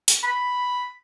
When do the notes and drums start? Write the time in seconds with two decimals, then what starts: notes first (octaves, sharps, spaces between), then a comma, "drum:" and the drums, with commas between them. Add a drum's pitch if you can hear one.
0.08 drum: hi-hat
0.23 B5